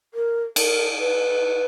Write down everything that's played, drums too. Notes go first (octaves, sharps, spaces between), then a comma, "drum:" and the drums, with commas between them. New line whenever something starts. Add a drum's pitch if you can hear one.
A#4
A#4, drum: cymbal
B4